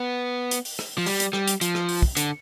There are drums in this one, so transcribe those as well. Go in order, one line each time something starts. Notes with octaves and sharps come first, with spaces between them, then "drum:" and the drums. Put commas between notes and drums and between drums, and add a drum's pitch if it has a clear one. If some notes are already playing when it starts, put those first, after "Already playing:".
Already playing: B3
drum: hi-hat
drum: open hi-hat
drum: rim click
F3
G3, drum: open hi-hat
drum: hi-hat
G3, drum: rim click
drum: hi-hat
F3, drum: hi-hat
drum: rim click
drum: open hi-hat
drum: kick
D3, drum: hi-hat